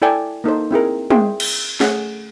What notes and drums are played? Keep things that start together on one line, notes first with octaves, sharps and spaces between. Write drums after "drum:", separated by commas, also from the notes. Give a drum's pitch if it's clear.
E4 A4 D5 G5 G#5
A#3 D#4 A4 C5
C4 E4 G#4 A#4
G#4 C5 E5 G5, drum: tom
drum: cymbal
A3 C#4 G#4 F#5, drum: snare